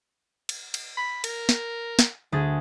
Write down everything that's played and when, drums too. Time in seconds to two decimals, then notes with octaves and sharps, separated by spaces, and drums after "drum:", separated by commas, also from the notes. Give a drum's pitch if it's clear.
0.49 drum: cymbal
0.74 drum: cymbal
0.97 B5
1.24 A#4, drum: cymbal
1.49 drum: snare
1.99 drum: snare
2.32 D2 G#4 A6